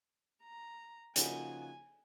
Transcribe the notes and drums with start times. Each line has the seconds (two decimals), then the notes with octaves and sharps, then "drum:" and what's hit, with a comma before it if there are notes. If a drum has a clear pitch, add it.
0.43 A#5
1.16 C#3 F3 A#3 D#4 F#4 G#5, drum: hi-hat